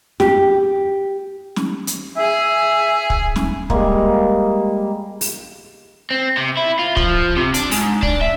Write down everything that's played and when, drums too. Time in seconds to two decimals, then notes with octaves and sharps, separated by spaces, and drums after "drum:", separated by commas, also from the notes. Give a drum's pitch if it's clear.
0.20 G4, drum: snare
1.56 drum: snare
1.87 drum: hi-hat
2.17 G#4 E5 G#5
3.10 drum: kick
3.36 drum: snare
3.70 G3 G#3 A#3, drum: kick
5.21 drum: open hi-hat
6.11 C4
6.37 C3
6.57 E4
6.79 F4
6.97 F3, drum: kick
7.37 C3
7.54 D4, drum: hi-hat
7.71 G#2, drum: open hi-hat
8.03 D4, drum: kick
8.21 E5